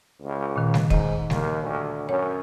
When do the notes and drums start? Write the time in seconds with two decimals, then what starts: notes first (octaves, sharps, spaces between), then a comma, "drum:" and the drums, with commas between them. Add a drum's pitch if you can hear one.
0.22 C#2
0.56 A#2 D#3
0.74 drum: snare G3
0.90 G#2 D#5, drum: kick
1.30 D#2, drum: snare G3
1.63 D2
2.09 F#2 C#5